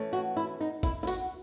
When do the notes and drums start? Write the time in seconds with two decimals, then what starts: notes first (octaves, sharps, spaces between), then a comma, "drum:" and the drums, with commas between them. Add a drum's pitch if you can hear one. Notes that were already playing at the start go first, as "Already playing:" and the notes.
Already playing: E3 A3 C#4
0.13 F#4
0.37 E4
0.60 D#4
0.83 E4, drum: kick G1, hi-hat
1.03 E4
1.07 F#4, drum: open hi-hat